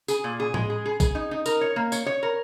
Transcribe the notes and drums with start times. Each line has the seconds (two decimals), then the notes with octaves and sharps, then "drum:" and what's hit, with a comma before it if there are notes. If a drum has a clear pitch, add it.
0.08 G#4, drum: tambourine
0.24 A#2
0.40 G#4
0.54 G#3, drum: tom A2
0.70 G#4
0.86 G#4
1.00 G#4, drum: kick A1, tambourine
1.15 D#4
1.31 D#4
1.46 A#4, drum: tambourine
1.61 C#5
1.76 A#3
1.92 C#5, drum: tambourine
2.06 C#5
2.23 A#4